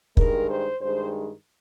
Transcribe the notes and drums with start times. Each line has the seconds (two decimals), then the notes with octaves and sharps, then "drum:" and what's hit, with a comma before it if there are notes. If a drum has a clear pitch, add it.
0.17 G2 D#3 G#3 A#4, drum: kick
0.49 C5
0.81 G2 D#3 G#3 C5